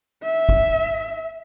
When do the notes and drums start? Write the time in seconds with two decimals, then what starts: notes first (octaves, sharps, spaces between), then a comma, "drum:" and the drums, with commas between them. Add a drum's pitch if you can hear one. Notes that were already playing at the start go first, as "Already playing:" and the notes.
0.23 E5
0.49 drum: kick